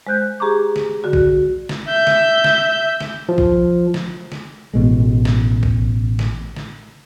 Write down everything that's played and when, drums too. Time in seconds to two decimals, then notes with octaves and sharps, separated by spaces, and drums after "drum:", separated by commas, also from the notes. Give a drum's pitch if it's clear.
0.07 G#3 C5 F#6 G6
0.40 G4 G#4 A#5 C#6 D6
0.76 drum: snare
1.04 D3 F#4
1.13 drum: kick A#1
1.69 drum: snare
1.88 E5 G6
2.07 drum: snare
2.44 drum: snare
3.01 drum: snare
3.29 F3
3.38 drum: kick A#1
3.94 drum: snare
4.32 drum: snare
4.74 A1 B2 G#3
5.25 drum: snare
5.63 drum: kick A#1
6.19 drum: snare
6.56 drum: snare